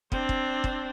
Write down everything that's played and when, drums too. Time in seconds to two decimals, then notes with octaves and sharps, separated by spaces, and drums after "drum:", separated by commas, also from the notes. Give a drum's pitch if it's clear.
0.12 C4 D4, drum: kick
0.29 drum: kick
0.64 drum: kick